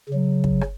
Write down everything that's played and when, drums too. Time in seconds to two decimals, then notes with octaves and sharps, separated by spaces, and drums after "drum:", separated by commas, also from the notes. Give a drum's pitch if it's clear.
0.09 C#3 F#3
0.44 drum: kick
0.61 drum: rim click